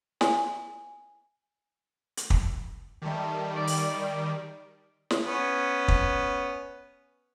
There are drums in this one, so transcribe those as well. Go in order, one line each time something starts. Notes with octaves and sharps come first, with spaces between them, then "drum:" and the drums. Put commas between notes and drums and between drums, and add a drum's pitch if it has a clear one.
G#5, drum: snare
drum: hi-hat
drum: kick
D#3 G3 G4 A4 E5
G4 D5
drum: open hi-hat
drum: snare
B3 C#4
drum: kick